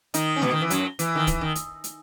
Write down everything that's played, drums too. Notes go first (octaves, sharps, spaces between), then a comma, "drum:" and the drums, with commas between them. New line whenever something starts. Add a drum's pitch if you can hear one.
D#3 D#4, drum: hi-hat
C#4
B2 B3, drum: snare A3
D#3
E3
F#2 F#3, drum: hi-hat
E3, drum: hi-hat
D#3
E3, drum: kick, hi-hat
D#3
drum: hi-hat
drum: hi-hat